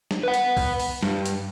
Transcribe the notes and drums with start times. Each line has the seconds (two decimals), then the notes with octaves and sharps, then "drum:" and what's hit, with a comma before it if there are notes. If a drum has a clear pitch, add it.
0.11 drum: snare
0.23 B4 F#5
0.34 drum: hi-hat
0.57 drum: kick C2, open hi-hat
0.80 drum: open hi-hat
1.03 G2, drum: snare
1.26 drum: hi-hat